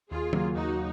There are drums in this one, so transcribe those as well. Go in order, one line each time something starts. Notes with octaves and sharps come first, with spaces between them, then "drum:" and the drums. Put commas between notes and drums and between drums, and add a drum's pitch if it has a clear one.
D#2 F4 G#4
C#3 F#3 A#3, drum: tom D#3
D#2 D#4 F#4